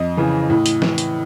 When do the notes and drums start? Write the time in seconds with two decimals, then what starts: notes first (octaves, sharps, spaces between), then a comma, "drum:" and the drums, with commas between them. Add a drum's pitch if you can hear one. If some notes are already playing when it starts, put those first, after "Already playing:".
Already playing: F2 D#5
0.17 C#3 E3
0.50 A2
0.66 drum: hi-hat
0.82 E3, drum: snare
0.98 drum: hi-hat